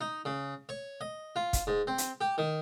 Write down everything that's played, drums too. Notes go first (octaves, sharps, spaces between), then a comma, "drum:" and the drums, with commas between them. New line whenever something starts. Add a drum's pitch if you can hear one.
D#4
C#3
C#5
D#5
F4
drum: kick, hi-hat
G#2
C4
drum: hi-hat
G4
D#3